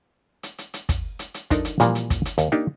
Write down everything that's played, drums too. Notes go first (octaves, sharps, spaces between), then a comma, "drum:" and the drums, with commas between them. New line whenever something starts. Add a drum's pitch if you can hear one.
drum: hi-hat
drum: hi-hat
drum: hi-hat
drum: kick, hi-hat
drum: hi-hat
drum: hi-hat
F3 D4 D#4 A4 A#4, drum: kick, hi-hat
drum: hi-hat
A#2 E3 F3 G3 A#3, drum: hi-hat
drum: hi-hat
drum: kick, hi-hat
drum: hi-hat
D#2, drum: hi-hat
A#3 D4 D#4 G4